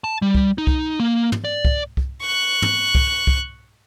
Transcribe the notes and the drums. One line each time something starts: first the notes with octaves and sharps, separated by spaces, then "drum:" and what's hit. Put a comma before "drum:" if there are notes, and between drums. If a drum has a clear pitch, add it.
A5
G3
drum: kick C2
D#4
drum: kick C2
A#3
drum: tom
D5
drum: kick C2
drum: kick C2
C#6 F#6
drum: tom
drum: kick C2
drum: kick C2